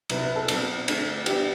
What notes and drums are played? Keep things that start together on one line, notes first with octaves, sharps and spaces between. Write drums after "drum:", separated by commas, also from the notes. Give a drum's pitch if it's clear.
C2 C3 F#3 B4, drum: cymbal
B4
A4
B2 F#3 C4, drum: cymbal
G2 D3 A3 C4, drum: cymbal
G2 E3 B3 D4 G4, drum: cymbal